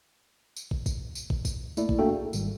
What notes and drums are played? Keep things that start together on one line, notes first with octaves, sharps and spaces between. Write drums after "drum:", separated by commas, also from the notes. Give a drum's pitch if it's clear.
drum: tambourine
drum: kick
drum: kick, tambourine
drum: tambourine
drum: kick
drum: kick, tambourine
A3 A#3 E4 D5, drum: tambourine
drum: kick
A3 A#3 D4 F#4 A4 G5
G#4
G#1 G#2 G3, drum: tambourine